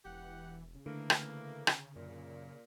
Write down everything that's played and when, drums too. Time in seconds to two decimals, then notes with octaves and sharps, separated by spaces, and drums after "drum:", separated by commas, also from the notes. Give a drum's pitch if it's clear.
0.05 E1 E3 G4 F#5
0.74 C#3
0.86 D3 E3 A3 A#3
1.10 drum: rim click
1.67 drum: rim click
1.96 F#2 A#2